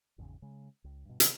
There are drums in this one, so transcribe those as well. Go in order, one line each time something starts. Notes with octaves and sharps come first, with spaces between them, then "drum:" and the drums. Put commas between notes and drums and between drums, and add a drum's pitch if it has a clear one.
G#1 E2 C#3
C#3 G#3
C#2
G2 B2
C3 D#3 E3, drum: hi-hat